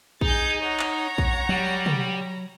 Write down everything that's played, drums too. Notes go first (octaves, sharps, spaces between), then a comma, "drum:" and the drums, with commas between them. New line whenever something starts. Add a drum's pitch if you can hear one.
D#4 G#4 G6 A6, drum: kick
C#5 F#5 A#5
drum: clap
drum: kick
F#3 G3
drum: tom